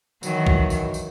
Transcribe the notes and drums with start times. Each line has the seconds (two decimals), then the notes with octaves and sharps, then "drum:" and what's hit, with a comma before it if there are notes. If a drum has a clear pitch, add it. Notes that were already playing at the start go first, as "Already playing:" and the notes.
0.23 D#3 E3 F#3, drum: tambourine
0.47 drum: kick B1
0.70 drum: tambourine
0.94 drum: tambourine